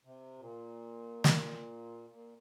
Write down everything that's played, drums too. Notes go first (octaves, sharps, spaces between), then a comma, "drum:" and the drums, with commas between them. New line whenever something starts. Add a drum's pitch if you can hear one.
C3
A#2
drum: snare
A#2